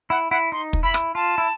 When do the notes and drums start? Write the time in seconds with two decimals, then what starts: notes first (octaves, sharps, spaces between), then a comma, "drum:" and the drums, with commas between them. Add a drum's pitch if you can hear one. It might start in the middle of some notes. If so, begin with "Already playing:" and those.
0.10 E4 F#5
0.31 E4 F#5
0.52 D#4 C6
0.73 drum: kick
0.83 E4 B5
0.94 drum: rim click
1.15 F4 A5
1.38 E4